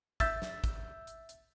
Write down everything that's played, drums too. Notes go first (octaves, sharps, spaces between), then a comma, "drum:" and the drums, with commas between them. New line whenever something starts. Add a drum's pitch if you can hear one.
E5 E6 G6 A6 B6, drum: kick, hi-hat
drum: snare
drum: kick, hi-hat
drum: hi-hat
drum: hi-hat